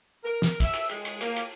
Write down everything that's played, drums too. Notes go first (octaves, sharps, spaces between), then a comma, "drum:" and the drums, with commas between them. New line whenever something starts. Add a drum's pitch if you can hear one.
A#4
drum: snare
E5, drum: kick, cymbal
drum: cymbal
G#3, drum: cymbal
drum: cymbal
A#3, drum: cymbal
drum: cymbal